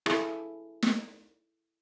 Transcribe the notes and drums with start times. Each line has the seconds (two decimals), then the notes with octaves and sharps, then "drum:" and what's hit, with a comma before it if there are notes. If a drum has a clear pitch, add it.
0.06 E4 G#4 A4, drum: rim click
0.82 drum: snare